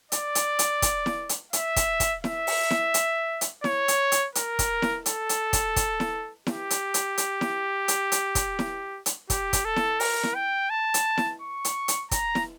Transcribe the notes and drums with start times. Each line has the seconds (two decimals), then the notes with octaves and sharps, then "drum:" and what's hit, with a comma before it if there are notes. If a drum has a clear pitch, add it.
0.12 D5, drum: hi-hat
0.35 drum: hi-hat
0.59 drum: hi-hat
0.82 drum: kick, hi-hat
1.06 drum: snare E4
1.29 drum: hi-hat
1.53 E5, drum: hi-hat
1.76 drum: kick, hi-hat
2.00 drum: kick, hi-hat
2.24 E5, drum: snare E4
2.47 drum: open hi-hat
2.71 drum: snare E4
2.94 drum: hi-hat
3.41 drum: hi-hat
3.64 C#5, drum: snare E4
3.88 drum: hi-hat
4.12 drum: hi-hat
4.35 A#4, drum: hi-hat
4.59 drum: kick, hi-hat
4.82 drum: snare E4
5.06 A4, drum: hi-hat
5.29 drum: hi-hat
5.53 drum: kick, hi-hat
5.76 drum: kick, hi-hat
6.00 drum: snare E4
6.47 G4, drum: snare E4
6.70 drum: hi-hat
6.94 drum: hi-hat
7.18 drum: hi-hat
7.41 drum: snare E4
7.88 drum: hi-hat
8.12 drum: hi-hat
8.35 drum: kick, hi-hat
8.59 drum: snare E4
9.06 drum: hi-hat
9.30 G4, drum: kick, hi-hat
9.53 drum: kick, hi-hat
9.65 A4
9.76 drum: snare E4
10.00 A#4, drum: open hi-hat
10.23 drum: snare E4
10.35 G5
10.70 A5
10.94 drum: hi-hat
11.18 drum: snare E4
11.42 C#6
11.65 drum: hi-hat
11.88 drum: hi-hat
12.11 A#5, drum: kick, hi-hat
12.35 drum: snare E4